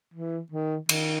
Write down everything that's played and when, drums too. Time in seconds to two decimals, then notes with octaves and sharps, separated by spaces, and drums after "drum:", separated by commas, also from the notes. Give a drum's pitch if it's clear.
0.14 E3
0.52 D#3
0.89 D#3, drum: cymbal